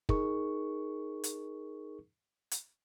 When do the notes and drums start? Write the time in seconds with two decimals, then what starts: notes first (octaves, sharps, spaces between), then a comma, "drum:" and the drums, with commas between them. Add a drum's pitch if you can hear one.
0.09 D#4 G#4 A#4 C#6, drum: kick
1.24 drum: hi-hat
2.51 drum: hi-hat